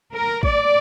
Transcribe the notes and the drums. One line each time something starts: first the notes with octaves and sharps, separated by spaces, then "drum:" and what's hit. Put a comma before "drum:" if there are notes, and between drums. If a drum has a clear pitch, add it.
A#4
D5, drum: kick